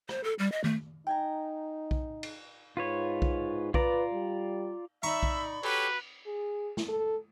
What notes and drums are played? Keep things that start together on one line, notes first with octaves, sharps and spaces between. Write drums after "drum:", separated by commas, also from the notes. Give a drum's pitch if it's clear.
C5, drum: rim click
A4
G3
D#5
A3, drum: tom D#3
D#4 G5 G#5 A#5
drum: kick B1
drum: cymbal
G#2 F4 B4 C#5
drum: kick B1
F4 B4 D5 A#5, drum: kick B1
G3
D#4 D5 E5 A#5 B5 C#6
drum: kick B1
F#4 G4 A4 B4 C#5, drum: cymbal
G#4
drum: snare
A4